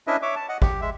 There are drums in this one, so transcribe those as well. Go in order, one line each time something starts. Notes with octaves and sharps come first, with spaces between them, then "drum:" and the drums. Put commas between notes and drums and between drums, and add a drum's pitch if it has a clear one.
C#4 D4 E4 B4 D#5 E5
C#5 E5 D6
A5
D#5 F#5
G4, drum: kick
G#3 E5